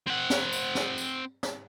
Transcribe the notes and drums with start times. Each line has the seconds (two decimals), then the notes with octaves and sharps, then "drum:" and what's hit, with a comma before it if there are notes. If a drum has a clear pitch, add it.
0.07 C4 F#5
0.30 drum: snare
0.53 drum: tambourine
0.75 drum: snare
0.98 drum: tambourine
1.43 drum: snare